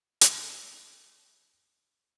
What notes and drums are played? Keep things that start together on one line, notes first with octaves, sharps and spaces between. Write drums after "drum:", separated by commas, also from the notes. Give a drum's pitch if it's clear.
C#6 E6, drum: hi-hat